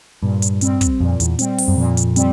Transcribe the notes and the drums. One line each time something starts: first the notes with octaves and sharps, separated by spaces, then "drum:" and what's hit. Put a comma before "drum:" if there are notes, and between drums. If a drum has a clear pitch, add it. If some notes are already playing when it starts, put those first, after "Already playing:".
G2 A#2
drum: hi-hat
G3 C4, drum: hi-hat
drum: kick, hi-hat
F2 A#2
E2, drum: hi-hat
G3 C4, drum: hi-hat
drum: open hi-hat
F#2
F2 A#2
drum: hi-hat
G3 C4, drum: hi-hat